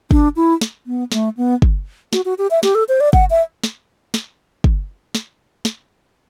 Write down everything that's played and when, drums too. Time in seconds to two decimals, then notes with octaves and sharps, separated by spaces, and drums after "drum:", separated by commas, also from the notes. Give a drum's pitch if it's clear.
0.11 D4, drum: kick
0.36 E4
0.61 drum: snare
0.86 B3
1.12 A3, drum: snare
1.37 B3
1.62 drum: kick
2.13 F#4, drum: snare
2.25 F#4
2.38 G4
2.51 E5
2.63 G4, drum: snare
2.75 A4
2.89 C5
3.00 D5
3.13 F#5, drum: kick
3.30 E5
3.64 drum: snare
4.14 drum: snare
4.64 drum: kick
5.15 drum: snare
5.65 drum: snare